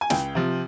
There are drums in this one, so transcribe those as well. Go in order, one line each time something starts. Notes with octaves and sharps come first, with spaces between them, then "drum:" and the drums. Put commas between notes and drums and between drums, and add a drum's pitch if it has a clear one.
G#5
C#2 G5, drum: snare
C3 F3